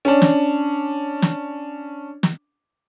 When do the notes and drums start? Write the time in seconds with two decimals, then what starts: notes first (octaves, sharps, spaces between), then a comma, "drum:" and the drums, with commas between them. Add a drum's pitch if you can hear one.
0.05 C#4 D4
0.22 drum: snare
1.22 drum: snare
2.23 drum: snare